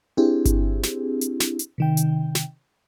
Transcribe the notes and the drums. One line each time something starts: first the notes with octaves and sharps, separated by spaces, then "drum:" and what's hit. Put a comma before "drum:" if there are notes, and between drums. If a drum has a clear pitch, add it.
C4 D4 E4 G4 G#4
drum: kick G1, hi-hat
drum: snare
drum: hi-hat
drum: snare
drum: hi-hat
C3 D#3 G5
drum: hi-hat
drum: snare